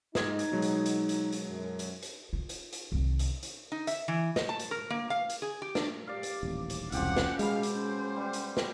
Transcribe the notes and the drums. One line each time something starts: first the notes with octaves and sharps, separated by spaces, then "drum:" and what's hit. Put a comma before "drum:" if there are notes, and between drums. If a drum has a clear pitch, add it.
G#2 D#4 D#6 G#6, drum: snare
drum: hi-hat
B2 F#3 G#3
drum: hi-hat
drum: hi-hat
drum: hi-hat
drum: hi-hat
F#2
drum: hi-hat
drum: hi-hat
F4
drum: hi-hat
drum: hi-hat
C2 D#3
drum: hi-hat
drum: hi-hat
D#4
E5, drum: hi-hat
E3
D#5, drum: snare
A5
drum: hi-hat
A#4
A#3
F5
drum: hi-hat
G#4
G4
D4, drum: snare
G4 D5 F5
drum: hi-hat
D#1 A1
drum: hi-hat
E1 C2 F3 C#4 G4 F5 F#5, drum: hi-hat
drum: snare
B2 G#3 G4 F5 B5, drum: hi-hat
drum: hi-hat
C#4 C5
G3
drum: hi-hat
drum: snare